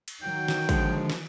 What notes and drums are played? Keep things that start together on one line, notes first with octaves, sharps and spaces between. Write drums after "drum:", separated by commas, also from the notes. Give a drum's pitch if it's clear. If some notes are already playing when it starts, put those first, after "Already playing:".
drum: cymbal
D#3 F#3 G5
drum: snare
D3 F3 G#3, drum: kick, cymbal
drum: snare